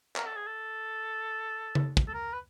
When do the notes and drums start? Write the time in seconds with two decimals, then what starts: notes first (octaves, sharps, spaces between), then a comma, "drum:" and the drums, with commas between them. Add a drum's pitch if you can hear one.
0.16 A#4, drum: clap
0.26 A4
0.36 G#4
0.46 A4
1.75 drum: tom C#3
1.97 drum: kick
2.08 A4
2.14 A#4
2.33 B4